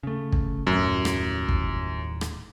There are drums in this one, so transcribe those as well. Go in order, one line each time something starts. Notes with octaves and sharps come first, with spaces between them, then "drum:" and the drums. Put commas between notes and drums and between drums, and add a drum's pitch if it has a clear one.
C#3 A3
drum: kick
D#1 F#2 A2
drum: rim click
drum: kick
drum: rim click